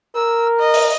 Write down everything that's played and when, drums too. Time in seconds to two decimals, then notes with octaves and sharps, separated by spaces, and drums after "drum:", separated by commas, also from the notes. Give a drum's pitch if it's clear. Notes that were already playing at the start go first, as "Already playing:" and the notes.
0.15 A#4 E6
0.59 D#5
0.74 drum: open hi-hat